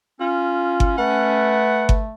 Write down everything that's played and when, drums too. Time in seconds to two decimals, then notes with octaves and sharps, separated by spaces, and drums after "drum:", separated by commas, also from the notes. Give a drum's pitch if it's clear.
0.20 C#4 F4
0.80 drum: kick G1
0.98 A3 B4 F#5
1.89 drum: kick G1